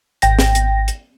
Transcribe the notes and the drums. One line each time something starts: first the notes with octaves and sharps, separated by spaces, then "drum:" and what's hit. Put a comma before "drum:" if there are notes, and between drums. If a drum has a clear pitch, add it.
G#1 G5 A#6, drum: hi-hat
drum: snare
drum: hi-hat
drum: hi-hat